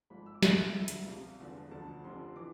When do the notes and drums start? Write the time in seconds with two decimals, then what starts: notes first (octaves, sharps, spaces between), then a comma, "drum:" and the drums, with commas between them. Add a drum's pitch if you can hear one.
0.10 G#1 G#2 F3 B5
0.26 E6
0.35 D6
0.43 E2 D3 F3 E5, drum: snare
0.74 E1 D2 D3 F3 E5
0.88 drum: hi-hat
1.07 C2 C3 F3 F5
1.40 E1 E2 D3 F3
1.71 D2 D3 F3 A5
2.04 F1 F2 D3 F3 C6
2.36 E3 D6